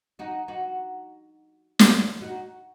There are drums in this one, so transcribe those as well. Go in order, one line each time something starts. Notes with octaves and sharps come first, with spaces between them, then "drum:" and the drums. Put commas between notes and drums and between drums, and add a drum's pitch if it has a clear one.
D#4 F#4
D#4 F#4
drum: snare
D#4 F#4